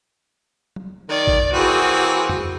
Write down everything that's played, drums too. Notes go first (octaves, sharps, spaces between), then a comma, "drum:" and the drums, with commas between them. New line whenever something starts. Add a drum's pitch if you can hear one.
drum: tom F#3
D#3 D5
drum: kick G#1
E3 A#3 C4 F#4 G#4
drum: tom F2